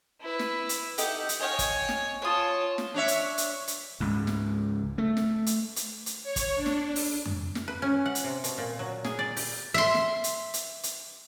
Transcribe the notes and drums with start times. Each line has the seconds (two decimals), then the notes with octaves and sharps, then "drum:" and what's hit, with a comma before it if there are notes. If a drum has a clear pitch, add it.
0.21 E4 B4
0.39 drum: snare
0.69 drum: hi-hat
0.98 D#4 G4 A4 F#5, drum: hi-hat
1.29 drum: hi-hat
1.41 C#5 D#5 F5 G5 G#5
1.59 drum: kick, hi-hat
1.89 drum: snare
2.22 F4 C#5 A5 D#6
2.78 drum: snare
2.94 D4 C#5 E5
3.08 drum: hi-hat
3.38 drum: hi-hat
3.67 drum: hi-hat
4.00 C#2 G#2
4.27 drum: snare
4.98 A3
5.17 drum: snare
5.46 drum: hi-hat
5.76 drum: hi-hat
6.06 drum: hi-hat
6.23 C#5
6.36 drum: kick, hi-hat
6.55 D4
6.66 drum: snare
6.96 drum: open hi-hat
7.25 drum: tom F2
7.55 drum: snare
7.68 B4
7.82 C#4
8.06 F#5
8.15 drum: hi-hat
8.24 C3
8.44 B2, drum: hi-hat
8.58 A#2
8.79 F#3
9.04 G#4, drum: snare
9.19 D5
9.37 G4, drum: open hi-hat
9.74 E5 C6
9.94 drum: snare
10.24 drum: hi-hat
10.54 drum: hi-hat
10.83 drum: hi-hat